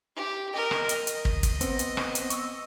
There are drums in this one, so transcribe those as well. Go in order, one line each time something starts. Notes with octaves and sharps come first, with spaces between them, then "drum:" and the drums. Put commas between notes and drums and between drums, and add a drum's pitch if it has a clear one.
G4
A#4 D#5
drum: rim click
D#5, drum: hi-hat
drum: hi-hat
drum: kick
drum: kick, hi-hat
B3 C4, drum: hi-hat
drum: hi-hat
drum: rim click
drum: hi-hat
C#6 E6, drum: hi-hat